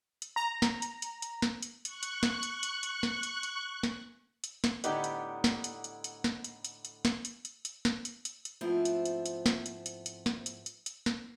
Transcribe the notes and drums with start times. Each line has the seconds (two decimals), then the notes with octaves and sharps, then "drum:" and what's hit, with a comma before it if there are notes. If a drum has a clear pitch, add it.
0.22 drum: hi-hat
0.36 A#5
0.62 drum: snare
0.82 drum: hi-hat
1.02 drum: hi-hat
1.22 drum: hi-hat
1.42 drum: snare
1.63 drum: hi-hat
1.85 C#6 F#6, drum: hi-hat
2.03 drum: hi-hat
2.23 drum: snare
2.43 drum: hi-hat
2.63 drum: hi-hat
2.83 drum: hi-hat
3.03 drum: snare
3.23 drum: hi-hat
3.43 drum: hi-hat
3.83 drum: snare
4.44 drum: hi-hat
4.64 drum: snare
4.84 A2 D3 B3 D#4 G4 D5, drum: hi-hat
5.04 drum: hi-hat
5.44 drum: snare
5.64 drum: hi-hat
5.84 drum: hi-hat
6.04 drum: hi-hat
6.24 drum: snare
6.44 drum: hi-hat
6.65 drum: hi-hat
6.85 drum: hi-hat
7.05 drum: snare
7.25 drum: hi-hat
7.45 drum: hi-hat
7.65 drum: hi-hat
7.85 drum: snare
8.05 drum: hi-hat
8.25 drum: hi-hat
8.45 drum: hi-hat
8.61 G#2 F3 A3 B3 C4 E4
8.85 drum: hi-hat
9.05 drum: hi-hat
9.26 drum: hi-hat
9.46 drum: snare
9.66 drum: hi-hat
9.86 drum: hi-hat
10.06 drum: hi-hat
10.26 drum: snare
10.46 drum: hi-hat
10.66 drum: hi-hat
10.86 drum: hi-hat
11.06 drum: snare